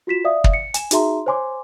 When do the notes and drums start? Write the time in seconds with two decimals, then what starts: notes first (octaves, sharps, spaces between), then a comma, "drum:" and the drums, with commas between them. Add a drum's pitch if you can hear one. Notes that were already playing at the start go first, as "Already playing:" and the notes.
0.07 F4 F#4 B6 E7
0.24 D5 E5 F5 D#6
0.44 drum: kick
0.54 C#7
0.74 G#5 E7, drum: hi-hat
0.91 D#4 F#4 G#4 E5 A#5 C6, drum: hi-hat
1.26 C5 C#5 G#5 C6 D6